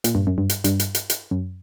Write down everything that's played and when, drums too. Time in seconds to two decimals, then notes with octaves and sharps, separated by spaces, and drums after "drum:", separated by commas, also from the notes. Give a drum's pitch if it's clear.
0.04 A#2, drum: hi-hat
0.15 G2
0.27 F#2
0.38 G2
0.49 drum: hi-hat
0.64 G2, drum: hi-hat
0.80 drum: hi-hat
0.95 drum: hi-hat
1.10 drum: hi-hat
1.31 F#2